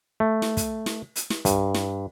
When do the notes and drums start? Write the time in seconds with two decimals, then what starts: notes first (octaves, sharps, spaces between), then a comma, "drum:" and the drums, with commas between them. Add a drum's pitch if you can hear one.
0.20 A3
0.42 drum: snare
0.57 drum: kick, hi-hat
0.86 drum: snare
1.16 drum: hi-hat
1.30 drum: snare
1.45 G2, drum: kick, hi-hat
1.74 drum: snare